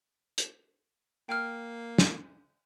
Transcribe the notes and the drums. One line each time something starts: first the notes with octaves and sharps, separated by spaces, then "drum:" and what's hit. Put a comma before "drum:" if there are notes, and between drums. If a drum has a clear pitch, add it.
drum: hi-hat
A#3 G5 F6
drum: snare